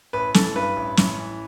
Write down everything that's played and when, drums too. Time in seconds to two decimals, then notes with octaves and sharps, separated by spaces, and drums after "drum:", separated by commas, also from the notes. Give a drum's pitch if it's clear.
0.13 A1 B4
0.34 E3 A4, drum: snare
0.55 G2 B4
0.76 A1
0.97 A1, drum: snare
1.19 E3